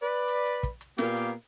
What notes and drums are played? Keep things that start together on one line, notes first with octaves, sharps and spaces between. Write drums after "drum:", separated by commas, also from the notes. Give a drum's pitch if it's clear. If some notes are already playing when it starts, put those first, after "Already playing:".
B4 D5
drum: hi-hat
drum: hi-hat
drum: kick, hi-hat
drum: hi-hat
A#2 A#3 B3 G4 A#4 F5, drum: snare
drum: hi-hat